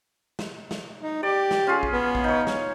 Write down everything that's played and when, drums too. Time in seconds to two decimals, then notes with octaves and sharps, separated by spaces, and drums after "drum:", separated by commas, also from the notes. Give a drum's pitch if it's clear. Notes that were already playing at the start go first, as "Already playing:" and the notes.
0.39 drum: snare
0.71 drum: snare
1.01 D#4
1.23 G4 D5
1.51 drum: snare
1.67 C#4 F4 G#4
1.83 drum: kick A1
1.93 B3
2.15 drum: kick A1
2.24 D#4 C#5
2.47 drum: snare